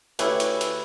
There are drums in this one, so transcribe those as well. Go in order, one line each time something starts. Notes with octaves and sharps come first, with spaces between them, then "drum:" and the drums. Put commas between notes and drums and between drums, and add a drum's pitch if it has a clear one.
D2 C#4 E4 G4 B4, drum: hi-hat
drum: hi-hat
drum: hi-hat